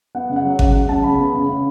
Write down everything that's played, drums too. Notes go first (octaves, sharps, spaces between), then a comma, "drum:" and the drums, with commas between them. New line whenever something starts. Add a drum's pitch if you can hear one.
B3 F#5
C#3
F#5
F#3
C#3 F#5, drum: kick G#1
F#3 F#5
C#3 A5
C#3 B5
B3
C#3
C#3